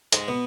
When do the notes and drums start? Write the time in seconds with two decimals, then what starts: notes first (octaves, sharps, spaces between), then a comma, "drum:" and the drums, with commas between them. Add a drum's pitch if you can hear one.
0.12 G#2 G#3, drum: hi-hat
0.28 B2 B3